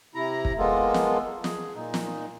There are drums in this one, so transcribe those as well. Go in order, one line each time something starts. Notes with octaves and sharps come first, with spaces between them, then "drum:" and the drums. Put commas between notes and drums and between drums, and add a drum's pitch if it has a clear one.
C3 E4 A#5
drum: kick
G#3 A#3 B3 F4 A4
drum: snare
G#4, drum: snare
A#2 D#4
drum: snare